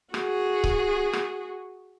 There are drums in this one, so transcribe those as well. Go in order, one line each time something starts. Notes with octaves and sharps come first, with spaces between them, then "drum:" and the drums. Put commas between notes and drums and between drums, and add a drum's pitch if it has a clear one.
F#4 G#4, drum: rim click
drum: kick C#1
drum: rim click